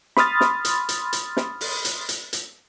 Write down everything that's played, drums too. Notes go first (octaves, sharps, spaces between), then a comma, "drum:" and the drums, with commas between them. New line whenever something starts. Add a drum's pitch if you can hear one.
B5 C6 D#6 F6 A6, drum: snare
drum: snare
drum: hi-hat
drum: hi-hat
drum: hi-hat
drum: snare
drum: open hi-hat
drum: hi-hat
drum: hi-hat
drum: hi-hat